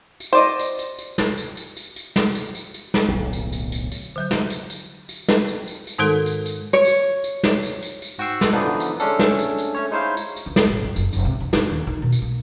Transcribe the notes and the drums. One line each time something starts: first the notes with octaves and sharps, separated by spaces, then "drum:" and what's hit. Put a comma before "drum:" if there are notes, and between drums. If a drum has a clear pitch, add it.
drum: tambourine
C5 D5 D#5
drum: tambourine
drum: tambourine
drum: tambourine
drum: snare
drum: tambourine
drum: tambourine
drum: tambourine
drum: tambourine
drum: snare
drum: tambourine
drum: tambourine
drum: tambourine
drum: snare
D1 B1
drum: tambourine
drum: tambourine
drum: tambourine
drum: tambourine
D3 F#3 G6
drum: snare
drum: tambourine
drum: tambourine
drum: tambourine
drum: snare
drum: tambourine
drum: tambourine
drum: tambourine
G#2 D#3 G#3 D#4 A4 A#4
drum: tambourine
drum: tambourine
C#5
drum: tambourine
drum: tambourine
drum: snare
drum: tambourine
drum: tambourine
drum: tambourine
G#2 F#4 G5 C#6 E6 C7
drum: snare
D3 E3 F3 B3 D4 D#4
drum: tambourine
G#3 A3 C#4 D4 A4, drum: tambourine
drum: snare
drum: tambourine
drum: tambourine
A3 C#4 C#5
G#3 D#4 E4 C5 C#5 F5
drum: tambourine
drum: tambourine
C#2
drum: snare
A1
F2
F#1, drum: tambourine
F1, drum: tambourine
C3
E3
D3, drum: snare
D#2
D#3
B2
drum: tambourine
A#3